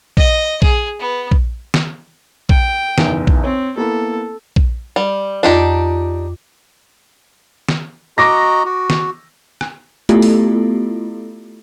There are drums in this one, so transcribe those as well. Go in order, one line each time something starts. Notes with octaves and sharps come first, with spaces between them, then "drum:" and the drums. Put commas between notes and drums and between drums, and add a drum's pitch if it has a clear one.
D#5, drum: kick A#1
G#4, drum: kick A#1
B3
drum: kick A#1
drum: snare
G5, drum: kick A#1
F#1 B1 E2, drum: snare
drum: kick A#1
C4 C#5
A#3 B3 E4 A4
drum: kick A#1
G3
F2 D4 D#4 F4 G4
drum: snare
F#4 D#5 A#5 C#6 D6 A#6
F#4
drum: snare
drum: rim click
A3 B3 E4 F4 G4 A4, drum: hi-hat
drum: open hi-hat